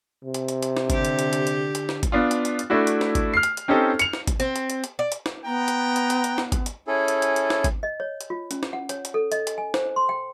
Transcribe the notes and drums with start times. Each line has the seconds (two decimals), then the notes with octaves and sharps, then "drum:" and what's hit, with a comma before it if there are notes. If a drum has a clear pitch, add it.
0.24 C3
0.34 drum: hi-hat
0.48 drum: hi-hat
0.63 drum: hi-hat
0.77 drum: snare
0.90 D3 G4, drum: kick G#1, hi-hat
1.05 drum: hi-hat
1.19 drum: hi-hat
1.33 drum: hi-hat
1.47 drum: hi-hat
1.75 drum: hi-hat
1.89 drum: snare
2.03 drum: kick G#1, hi-hat
2.12 B3 D4 F4
2.31 drum: hi-hat
2.45 drum: hi-hat
2.59 drum: hi-hat
2.70 A3 D4 E4 F#4
2.87 drum: hi-hat
3.01 drum: snare
3.15 drum: kick G#1, hi-hat
3.34 F6 C7
3.43 drum: hi-hat
3.57 drum: hi-hat
3.68 C4 C#4 D#4 G4 A4
3.99 C#7 F7, drum: hi-hat
4.13 drum: snare
4.27 drum: kick G#1, hi-hat
4.40 C4, drum: hi-hat
4.56 drum: hi-hat
4.70 drum: hi-hat
4.84 drum: hi-hat
4.99 D5
5.12 drum: hi-hat
5.26 drum: snare
5.46 B3 G5 A#5
5.68 drum: hi-hat
5.96 drum: hi-hat
6.10 drum: hi-hat
6.24 drum: hi-hat
6.38 drum: snare
6.52 drum: kick G#1, hi-hat
6.66 drum: hi-hat
6.88 C#4 E4 G#4 A4
7.08 drum: hi-hat
7.22 drum: hi-hat
7.36 drum: hi-hat
7.50 drum: snare
7.64 drum: kick G#1, hi-hat
7.83 D#5
8.00 C#5
8.21 drum: hi-hat
8.30 F4
8.51 C#4, drum: hi-hat
8.63 drum: snare
8.73 F#5
8.89 C#5, drum: hi-hat
9.05 drum: hi-hat
9.14 A4
9.32 D#5, drum: hi-hat
9.47 drum: hi-hat
9.58 G#5
9.74 C5, drum: snare
9.96 C6
10.09 G5